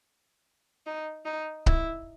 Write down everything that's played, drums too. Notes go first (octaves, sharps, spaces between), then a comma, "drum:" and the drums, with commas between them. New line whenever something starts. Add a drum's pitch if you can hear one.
D#4
D#4
E4, drum: kick C#1